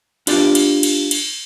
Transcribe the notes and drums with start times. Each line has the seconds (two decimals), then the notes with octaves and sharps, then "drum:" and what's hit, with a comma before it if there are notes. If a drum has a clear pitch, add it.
0.27 D4 F4 G4 D5, drum: cymbal
0.55 drum: cymbal
0.83 drum: cymbal
1.11 drum: cymbal